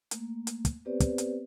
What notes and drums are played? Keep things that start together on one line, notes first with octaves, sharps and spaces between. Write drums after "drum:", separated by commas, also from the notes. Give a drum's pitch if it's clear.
A3 A#3, drum: hi-hat
drum: hi-hat
drum: kick, hi-hat
B3 C4 G4 B4 C5 D5
drum: kick, hi-hat
drum: hi-hat